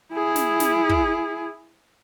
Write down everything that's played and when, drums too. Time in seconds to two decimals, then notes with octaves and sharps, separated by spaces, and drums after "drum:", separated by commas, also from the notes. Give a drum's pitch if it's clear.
0.12 E4 G#4
0.36 drum: snare
0.60 drum: snare
0.89 drum: kick